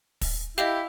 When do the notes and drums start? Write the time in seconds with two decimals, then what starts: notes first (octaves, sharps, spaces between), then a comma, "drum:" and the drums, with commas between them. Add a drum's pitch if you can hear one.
0.21 drum: kick, open hi-hat
0.58 E4 G4 D#5 F5, drum: snare